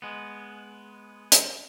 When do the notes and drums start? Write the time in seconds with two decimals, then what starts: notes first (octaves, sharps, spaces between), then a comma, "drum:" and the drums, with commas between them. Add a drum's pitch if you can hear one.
0.02 G#3 B3
1.32 drum: hi-hat